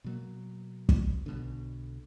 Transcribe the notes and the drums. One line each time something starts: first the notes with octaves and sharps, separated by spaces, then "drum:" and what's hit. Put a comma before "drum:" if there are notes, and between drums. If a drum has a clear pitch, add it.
B2 F#3 A#3
drum: kick
B1 B2 D3